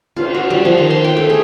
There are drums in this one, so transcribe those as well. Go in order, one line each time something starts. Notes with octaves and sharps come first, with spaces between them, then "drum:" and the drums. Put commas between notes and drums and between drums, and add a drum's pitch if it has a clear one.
F4, drum: cymbal
F#4
G3
F3
D#3
C6
G5
A3
G#4